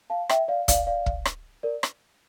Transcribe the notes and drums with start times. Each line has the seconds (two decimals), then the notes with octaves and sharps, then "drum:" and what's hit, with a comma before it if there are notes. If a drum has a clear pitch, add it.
0.10 F5 A5
0.29 E5 G5, drum: rim click
0.48 D5 F5
0.68 D5 F5, drum: kick, hi-hat
0.87 D5 F5
1.06 drum: kick
1.25 drum: rim click
1.63 A#4 D5
1.83 drum: rim click